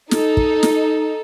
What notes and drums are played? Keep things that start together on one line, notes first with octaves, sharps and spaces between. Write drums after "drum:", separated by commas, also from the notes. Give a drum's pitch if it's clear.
D#4 A4, drum: snare
drum: kick
drum: snare